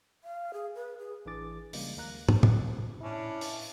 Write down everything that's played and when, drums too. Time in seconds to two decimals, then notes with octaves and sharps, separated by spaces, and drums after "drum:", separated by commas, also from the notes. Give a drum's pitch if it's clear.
0.24 F5
0.53 G#4
0.75 B4
0.99 G#4
1.26 A1 E3 D4 G#4 D6 A6
1.73 C#3 F3 G3 G#3 A#3, drum: open hi-hat
1.97 D#2 A#3 A#5 F#6
2.29 drum: tom
2.43 G1 C#3 F3 B3 C#4 G4, drum: tom
3.01 C#4 D4 E4
3.41 drum: open hi-hat